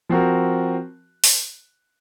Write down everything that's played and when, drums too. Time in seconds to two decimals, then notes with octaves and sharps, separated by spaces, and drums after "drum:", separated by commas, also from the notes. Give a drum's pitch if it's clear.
0.09 F3 C4 F#4 A#4
1.24 drum: open hi-hat